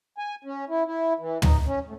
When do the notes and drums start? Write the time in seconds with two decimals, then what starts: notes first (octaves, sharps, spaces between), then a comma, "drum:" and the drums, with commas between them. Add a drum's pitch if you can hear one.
0.18 G#5
0.44 C#4
0.69 E4
0.86 E4
1.19 E3
1.42 D#4, drum: tom
1.66 C#4
1.85 A2